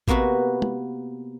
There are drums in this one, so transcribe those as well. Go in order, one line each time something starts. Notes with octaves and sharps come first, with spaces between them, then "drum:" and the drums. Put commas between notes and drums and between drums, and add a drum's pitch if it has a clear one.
C3 A#3 B3 F#4 B4, drum: kick
drum: tom